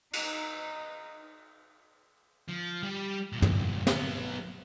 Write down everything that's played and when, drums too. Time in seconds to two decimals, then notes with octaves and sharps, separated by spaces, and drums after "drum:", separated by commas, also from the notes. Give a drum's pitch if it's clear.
0.13 D#4, drum: cymbal
2.48 F3
2.83 G3 G4
3.32 C2 A#2
3.42 drum: tom G2
3.87 F#3 B3, drum: snare